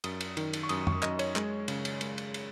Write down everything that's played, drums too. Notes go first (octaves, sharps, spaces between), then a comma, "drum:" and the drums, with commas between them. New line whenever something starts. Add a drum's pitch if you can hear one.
F#2 D#6, drum: cymbal
drum: cymbal
D#3, drum: cymbal
drum: cymbal
C#6
F#2 D#6, drum: cymbal
C#6, drum: tom F2
F#2 D#5, drum: clap
C#5, drum: cymbal
G#3, drum: clap
C#3, drum: cymbal
drum: cymbal
G#3, drum: cymbal
drum: cymbal
drum: cymbal